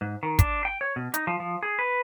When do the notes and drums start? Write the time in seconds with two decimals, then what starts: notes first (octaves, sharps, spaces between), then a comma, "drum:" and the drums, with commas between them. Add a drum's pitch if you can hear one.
0.01 G#2
0.23 D#3
0.39 D4, drum: kick, hi-hat
0.65 G5
0.81 C#5
0.96 B2
1.14 D#4, drum: hi-hat
1.27 F3
1.40 F3
1.63 G#4
1.79 B4